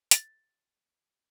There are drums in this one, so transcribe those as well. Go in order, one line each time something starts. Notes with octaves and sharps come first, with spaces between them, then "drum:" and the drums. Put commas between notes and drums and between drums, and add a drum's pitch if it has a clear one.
A6, drum: hi-hat